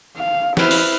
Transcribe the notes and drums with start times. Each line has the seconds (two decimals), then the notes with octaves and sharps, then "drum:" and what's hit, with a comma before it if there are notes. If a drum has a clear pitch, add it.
0.17 F5
0.57 E4 B4 C5 F6, drum: snare
0.71 drum: open hi-hat